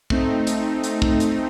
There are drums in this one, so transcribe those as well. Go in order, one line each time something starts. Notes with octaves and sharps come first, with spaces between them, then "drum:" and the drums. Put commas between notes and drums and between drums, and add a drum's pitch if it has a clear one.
A3 C4 D#4, drum: kick
drum: hi-hat
drum: hi-hat
drum: kick
drum: hi-hat